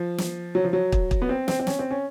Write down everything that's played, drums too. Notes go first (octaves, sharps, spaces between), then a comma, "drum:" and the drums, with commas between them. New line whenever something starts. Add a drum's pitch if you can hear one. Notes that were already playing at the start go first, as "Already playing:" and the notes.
Already playing: F3
drum: snare
F#3
F3
F#3
drum: kick
drum: kick
B3
C4
C4, drum: snare
C4
C#4, drum: snare
C4
C#4